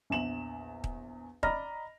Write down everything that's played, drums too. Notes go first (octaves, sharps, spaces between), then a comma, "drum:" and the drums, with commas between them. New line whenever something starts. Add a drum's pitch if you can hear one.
A#1 E2 E7 F#7
drum: kick D#1
D5 D#5 A#5 B5 F6 A#6, drum: kick D#1